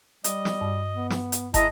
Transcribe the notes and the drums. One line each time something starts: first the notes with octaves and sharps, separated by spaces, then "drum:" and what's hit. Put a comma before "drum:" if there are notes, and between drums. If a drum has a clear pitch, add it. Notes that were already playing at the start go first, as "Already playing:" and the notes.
G3 D#5, drum: hi-hat
drum: snare
G2
B3
drum: snare
drum: hi-hat
G#3 E4 D#5 A5 A#5, drum: kick, hi-hat